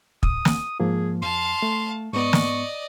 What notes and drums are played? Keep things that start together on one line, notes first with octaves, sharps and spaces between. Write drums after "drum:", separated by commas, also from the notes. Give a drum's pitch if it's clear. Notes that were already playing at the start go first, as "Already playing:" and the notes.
D#6, drum: kick
drum: snare
G#2 F3 A#3 G#4
F2 F5 A5 C6
A3
G#2 B3 D5 D#5 C#6
drum: snare